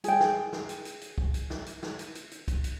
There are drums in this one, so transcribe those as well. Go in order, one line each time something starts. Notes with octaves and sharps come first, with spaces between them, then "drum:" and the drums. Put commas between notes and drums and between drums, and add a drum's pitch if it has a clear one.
G#4 G5, drum: hi-hat
drum: snare
drum: snare
drum: hi-hat
drum: hi-hat
drum: hi-hat
drum: kick
drum: hi-hat
drum: snare
drum: hi-hat
drum: snare
drum: hi-hat
drum: hi-hat
drum: hi-hat
drum: kick, hi-hat
drum: hi-hat